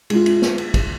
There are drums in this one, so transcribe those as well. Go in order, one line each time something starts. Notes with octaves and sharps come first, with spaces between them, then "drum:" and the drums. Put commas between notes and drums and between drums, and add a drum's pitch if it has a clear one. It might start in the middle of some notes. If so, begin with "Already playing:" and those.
G#3 F4, drum: cymbal
drum: cymbal
drum: snare
drum: cymbal
drum: kick, cymbal